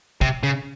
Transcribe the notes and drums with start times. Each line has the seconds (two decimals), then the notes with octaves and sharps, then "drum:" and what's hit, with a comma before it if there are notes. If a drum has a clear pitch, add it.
0.21 C3, drum: kick
0.43 C#3